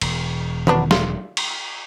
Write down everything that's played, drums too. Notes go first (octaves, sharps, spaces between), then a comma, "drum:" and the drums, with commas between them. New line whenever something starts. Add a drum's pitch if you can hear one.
E1, drum: cymbal
F#3 B3 D4, drum: tom D#3
F4, drum: snare
drum: cymbal